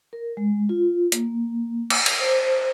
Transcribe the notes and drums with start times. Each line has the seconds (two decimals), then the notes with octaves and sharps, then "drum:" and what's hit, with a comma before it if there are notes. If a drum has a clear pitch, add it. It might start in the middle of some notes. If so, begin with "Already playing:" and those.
0.13 A#4
0.37 G#3
0.69 F4
1.12 A#3, drum: hi-hat
1.90 drum: cymbal
2.06 drum: cymbal
2.20 C5